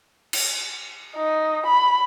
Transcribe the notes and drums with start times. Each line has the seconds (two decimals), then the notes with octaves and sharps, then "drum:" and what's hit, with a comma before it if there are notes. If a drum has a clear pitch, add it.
0.33 drum: cymbal
1.16 D#4
1.66 B5